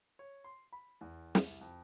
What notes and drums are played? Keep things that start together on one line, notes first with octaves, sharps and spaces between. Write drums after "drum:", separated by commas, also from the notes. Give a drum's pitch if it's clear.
C#5
C6
B5
E2
drum: snare
C2
F2